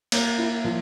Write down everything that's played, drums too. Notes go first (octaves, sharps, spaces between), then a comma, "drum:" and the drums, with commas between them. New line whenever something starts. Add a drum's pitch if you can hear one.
A#3, drum: cymbal
E4
F3